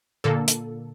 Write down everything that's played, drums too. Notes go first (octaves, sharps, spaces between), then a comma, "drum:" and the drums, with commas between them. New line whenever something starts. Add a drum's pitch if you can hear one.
A#2 D3 A#3 A4
drum: hi-hat